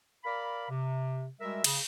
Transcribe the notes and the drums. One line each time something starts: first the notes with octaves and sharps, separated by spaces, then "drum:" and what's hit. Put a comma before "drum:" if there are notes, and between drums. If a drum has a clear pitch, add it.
A#4 D5 F5 B5
C3
G3 G#3 F#4 A#4 E5
C#3, drum: cymbal